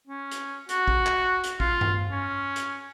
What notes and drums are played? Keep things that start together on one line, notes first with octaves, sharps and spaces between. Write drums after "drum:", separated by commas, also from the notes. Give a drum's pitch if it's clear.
C#4
drum: hi-hat
F#4, drum: hi-hat
drum: kick
drum: clap
drum: hi-hat
F4, drum: kick
drum: tom G2
C#4
drum: hi-hat